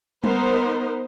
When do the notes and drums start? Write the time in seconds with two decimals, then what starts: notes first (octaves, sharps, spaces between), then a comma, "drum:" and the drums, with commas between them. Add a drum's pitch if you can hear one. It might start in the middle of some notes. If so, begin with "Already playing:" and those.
0.24 B3 D#4 A#4 C5, drum: tom G3